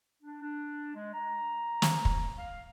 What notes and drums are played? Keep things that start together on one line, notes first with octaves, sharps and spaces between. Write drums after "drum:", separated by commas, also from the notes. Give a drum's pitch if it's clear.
D4
D4
G#3
A#5
drum: snare
drum: kick
F5